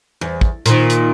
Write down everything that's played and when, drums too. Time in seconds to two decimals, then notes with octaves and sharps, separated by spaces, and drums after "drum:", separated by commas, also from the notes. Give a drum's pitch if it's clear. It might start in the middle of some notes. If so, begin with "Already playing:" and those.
0.21 E2
0.41 drum: kick
0.66 A#2 D#3, drum: hi-hat
0.90 drum: hi-hat